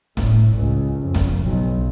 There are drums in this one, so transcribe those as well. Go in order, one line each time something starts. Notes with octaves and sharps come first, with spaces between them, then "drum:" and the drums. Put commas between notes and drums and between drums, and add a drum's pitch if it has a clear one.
A2, drum: snare
C#2
F2
drum: snare
B1